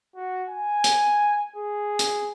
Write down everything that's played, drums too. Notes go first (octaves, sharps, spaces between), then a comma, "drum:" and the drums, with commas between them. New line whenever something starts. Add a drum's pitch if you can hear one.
F#4
G#5
drum: hi-hat
G#4
drum: hi-hat